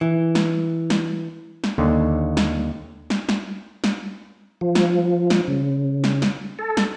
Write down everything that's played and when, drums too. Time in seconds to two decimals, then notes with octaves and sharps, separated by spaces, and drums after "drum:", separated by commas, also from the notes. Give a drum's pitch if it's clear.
0.01 E3
0.35 drum: snare
0.90 drum: snare
1.64 drum: snare
1.78 D#2 D3
2.37 drum: snare
3.10 drum: snare
3.29 drum: snare
3.84 drum: snare
4.61 F3
4.75 drum: snare
5.30 drum: snare
5.48 C#3
6.04 drum: snare
6.22 drum: snare
6.59 A4
6.77 drum: snare